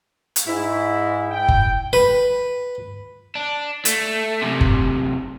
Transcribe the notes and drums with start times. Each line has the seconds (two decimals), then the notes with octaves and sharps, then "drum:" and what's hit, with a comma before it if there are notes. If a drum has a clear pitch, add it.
0.36 drum: hi-hat
0.47 G#2 E4
1.31 G5
1.48 drum: kick F#1
1.93 B4
3.35 D4
3.85 A3, drum: hi-hat
4.41 F#2 C3
4.61 drum: kick F#1